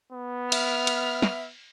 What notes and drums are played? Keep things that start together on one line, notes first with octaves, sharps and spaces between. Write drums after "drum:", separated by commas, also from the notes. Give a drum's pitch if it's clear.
B3
E5 F6, drum: cymbal
drum: cymbal
drum: snare